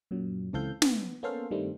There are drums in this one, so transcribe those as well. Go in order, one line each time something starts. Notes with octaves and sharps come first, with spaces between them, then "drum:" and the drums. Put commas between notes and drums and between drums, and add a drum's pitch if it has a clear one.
F#2 A#2 F#3
C#2 E3 C4 A4 F5 G6
B3, drum: snare
A#3 B3 C#4 A4 C5 F5
G2 D#3 G3 A3 C4